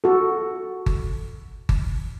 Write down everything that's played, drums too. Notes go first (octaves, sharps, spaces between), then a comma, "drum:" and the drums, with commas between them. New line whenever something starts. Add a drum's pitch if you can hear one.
F#4 A4
drum: kick G1
drum: kick G1